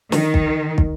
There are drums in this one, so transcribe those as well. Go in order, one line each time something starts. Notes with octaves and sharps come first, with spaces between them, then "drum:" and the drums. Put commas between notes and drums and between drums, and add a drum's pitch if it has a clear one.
D#3, drum: snare
drum: kick
drum: kick